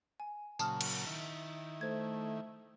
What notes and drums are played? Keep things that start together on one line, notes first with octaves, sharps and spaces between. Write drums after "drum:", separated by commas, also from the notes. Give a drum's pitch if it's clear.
G#5
A#2 C#3 F#3 A5 D#6 F6, drum: tambourine
drum: cymbal
D#3 E4
A3 C5 G#6